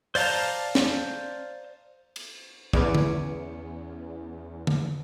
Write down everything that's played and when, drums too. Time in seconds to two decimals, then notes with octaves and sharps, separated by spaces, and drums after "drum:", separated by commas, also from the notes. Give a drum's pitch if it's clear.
0.15 C5 D5 F5 A5 A#5, drum: open hi-hat
0.75 drum: snare
2.16 drum: cymbal
2.73 E2 C#4 B4 D5, drum: kick
2.95 drum: tom D3
4.67 drum: tom D3